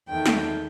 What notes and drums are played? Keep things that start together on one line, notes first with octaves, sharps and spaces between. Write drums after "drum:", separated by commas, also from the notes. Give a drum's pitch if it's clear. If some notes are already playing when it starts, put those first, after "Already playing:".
E2 D#3 A3 G5
drum: snare